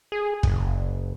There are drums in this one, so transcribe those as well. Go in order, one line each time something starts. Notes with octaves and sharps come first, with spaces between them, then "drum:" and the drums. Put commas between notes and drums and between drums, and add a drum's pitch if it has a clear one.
G#4
F#1, drum: kick